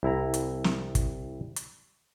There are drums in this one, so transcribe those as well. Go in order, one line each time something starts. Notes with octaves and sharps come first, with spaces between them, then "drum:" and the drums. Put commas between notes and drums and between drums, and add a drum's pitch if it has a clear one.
C2 E4 A#5
drum: hi-hat
drum: snare
drum: kick, hi-hat
drum: hi-hat